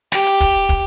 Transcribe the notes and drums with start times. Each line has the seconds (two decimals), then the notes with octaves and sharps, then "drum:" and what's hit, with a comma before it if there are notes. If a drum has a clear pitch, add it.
0.12 G4, drum: snare
0.26 drum: hi-hat
0.40 drum: kick, hi-hat
0.69 drum: kick, hi-hat